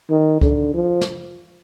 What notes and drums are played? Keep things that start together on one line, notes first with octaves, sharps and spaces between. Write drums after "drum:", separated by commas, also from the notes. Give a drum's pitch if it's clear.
D#3
D3, drum: kick C#2
F3
drum: snare